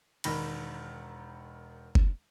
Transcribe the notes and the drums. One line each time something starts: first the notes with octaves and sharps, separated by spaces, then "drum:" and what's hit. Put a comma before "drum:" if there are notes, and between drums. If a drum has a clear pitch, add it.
E1 D#3 B5 A#6, drum: cymbal
drum: kick